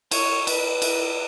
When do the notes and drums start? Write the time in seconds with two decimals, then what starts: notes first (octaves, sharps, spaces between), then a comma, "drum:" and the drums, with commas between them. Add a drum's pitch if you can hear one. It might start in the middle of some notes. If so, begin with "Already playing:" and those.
0.11 C#5, drum: cymbal
0.47 B4, drum: cymbal
0.82 drum: cymbal